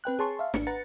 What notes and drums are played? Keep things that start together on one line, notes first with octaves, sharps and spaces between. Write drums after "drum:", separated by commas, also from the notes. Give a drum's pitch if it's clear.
C4 B4 G5 F#6
G#4 C#5 A5 C6 C#6
E5 F5
G#1 D4 C#7, drum: snare
B4 F#5 A#5 A6 C#7